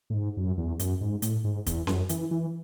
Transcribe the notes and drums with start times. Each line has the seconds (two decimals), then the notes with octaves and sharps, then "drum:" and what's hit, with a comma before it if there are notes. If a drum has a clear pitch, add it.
0.10 A2
0.14 G#2
0.37 F#2
0.58 E2
0.79 F#2, drum: hi-hat
1.01 G#2
1.22 A2, drum: hi-hat
1.44 G#2
1.66 E2, drum: kick, hi-hat
1.87 F#2, drum: snare C#4
2.09 E3, drum: hi-hat
2.31 E3